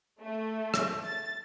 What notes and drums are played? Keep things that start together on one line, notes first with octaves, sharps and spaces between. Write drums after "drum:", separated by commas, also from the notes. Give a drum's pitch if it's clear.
A3
drum: rim click
A6